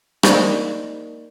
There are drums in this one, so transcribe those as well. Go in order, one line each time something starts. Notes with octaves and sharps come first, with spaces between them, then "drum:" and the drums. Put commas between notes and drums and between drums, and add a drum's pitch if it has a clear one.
A#3 D#4 A#4 C5 D5, drum: rim click